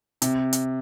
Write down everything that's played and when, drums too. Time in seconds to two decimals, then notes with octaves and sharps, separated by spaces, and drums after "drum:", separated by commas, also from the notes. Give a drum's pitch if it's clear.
0.22 C3, drum: hi-hat
0.53 drum: hi-hat